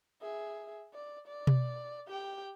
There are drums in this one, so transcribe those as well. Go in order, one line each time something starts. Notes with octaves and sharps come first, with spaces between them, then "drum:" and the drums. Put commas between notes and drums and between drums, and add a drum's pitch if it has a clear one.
G#4 E5
D5
D5
drum: tom B2
G4 G5